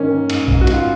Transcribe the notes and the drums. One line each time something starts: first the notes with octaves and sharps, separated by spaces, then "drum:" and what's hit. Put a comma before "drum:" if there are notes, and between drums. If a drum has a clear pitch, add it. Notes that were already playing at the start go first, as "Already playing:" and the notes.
Already playing: G#2 D#3 A#3 C#4
D#3
G#2, drum: cymbal
G#2, drum: kick A#1
F#4
G#2, drum: cymbal
F4